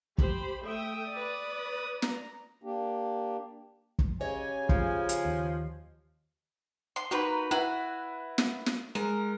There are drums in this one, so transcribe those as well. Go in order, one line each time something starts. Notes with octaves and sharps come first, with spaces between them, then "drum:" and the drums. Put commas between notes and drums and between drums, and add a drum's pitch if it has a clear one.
G4 C5 B5, drum: kick
A3 E5 G5 D#6
B4 D5
A#5, drum: snare
A#3 D4 G4
drum: kick
C#3 G4 C#5 D#5 G#5
F3, drum: kick
drum: hi-hat
D#2
C6
A#3 D#4 F#4 B4 B5
E4 F#4 B4
drum: snare
drum: snare
G#3 A#4